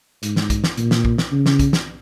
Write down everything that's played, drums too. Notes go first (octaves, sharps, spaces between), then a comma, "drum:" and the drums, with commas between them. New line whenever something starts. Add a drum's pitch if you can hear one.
G#2, drum: hi-hat
drum: snare
drum: kick, hi-hat
drum: snare
A#2, drum: hi-hat
drum: snare
drum: kick
drum: snare
C#3
drum: snare
drum: kick, hi-hat
drum: snare